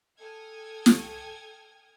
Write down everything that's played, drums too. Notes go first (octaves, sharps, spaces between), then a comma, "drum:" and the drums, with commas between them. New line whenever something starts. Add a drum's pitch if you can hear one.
A4 G5 G#5 D#6 F6 G#6
drum: snare